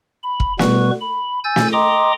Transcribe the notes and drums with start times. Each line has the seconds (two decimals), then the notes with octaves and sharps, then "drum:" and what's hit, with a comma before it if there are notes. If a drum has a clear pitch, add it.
0.23 B5
0.40 drum: kick
0.59 B2 G3 B3 B4 C#6, drum: snare
1.01 B5
1.44 G#5 E6 G6 A6
1.56 drum: snare
1.73 D#5 G5 A#5 C6 D6 D#6